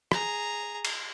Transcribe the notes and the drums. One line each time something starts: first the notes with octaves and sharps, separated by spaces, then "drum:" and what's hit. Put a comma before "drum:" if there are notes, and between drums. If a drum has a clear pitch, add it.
G#4 A#5, drum: rim click
drum: cymbal